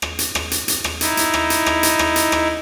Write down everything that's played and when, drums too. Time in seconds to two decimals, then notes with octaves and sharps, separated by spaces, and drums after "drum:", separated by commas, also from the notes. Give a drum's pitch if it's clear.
0.02 drum: rim click
0.19 drum: hi-hat
0.35 drum: rim click
0.51 drum: hi-hat
0.68 drum: hi-hat
0.84 drum: rim click
1.01 D#4 E4, drum: hi-hat
1.17 drum: hi-hat
1.34 drum: rim click
1.50 drum: hi-hat
1.66 drum: rim click
1.83 drum: hi-hat
1.99 drum: rim click
2.16 drum: hi-hat
2.32 drum: rim click